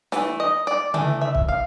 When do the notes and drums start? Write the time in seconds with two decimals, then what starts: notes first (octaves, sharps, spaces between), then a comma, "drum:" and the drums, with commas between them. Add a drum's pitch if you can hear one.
0.12 E3 A3, drum: snare
0.40 D#5
0.67 D5
0.94 E3 A3, drum: tom C#3
1.21 E5
1.35 drum: kick
1.49 F5